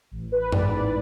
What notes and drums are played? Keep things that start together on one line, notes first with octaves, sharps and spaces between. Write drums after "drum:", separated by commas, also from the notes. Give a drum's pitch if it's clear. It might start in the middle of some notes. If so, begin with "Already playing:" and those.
A1
B4
G#2 E3 D5, drum: tom F#2
D5